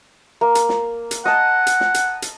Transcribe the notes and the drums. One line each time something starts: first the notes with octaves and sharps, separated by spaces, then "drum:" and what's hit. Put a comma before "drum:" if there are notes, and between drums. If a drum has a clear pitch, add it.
A#3
drum: hi-hat
drum: snare
drum: hi-hat
D#5 F#5 A5, drum: snare
drum: hi-hat
drum: snare
drum: hi-hat
drum: hi-hat